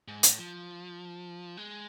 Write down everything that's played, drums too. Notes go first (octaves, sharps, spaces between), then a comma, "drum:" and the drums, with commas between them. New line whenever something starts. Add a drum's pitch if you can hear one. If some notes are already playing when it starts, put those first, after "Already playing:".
G#2
A2, drum: hi-hat
F3
G#3